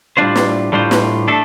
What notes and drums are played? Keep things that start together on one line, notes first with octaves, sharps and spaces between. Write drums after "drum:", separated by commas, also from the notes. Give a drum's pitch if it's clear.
A2 G3 D4 F4 C5
drum: snare
A2 G3 D4 F4 C5
drum: snare
A3 D4 A4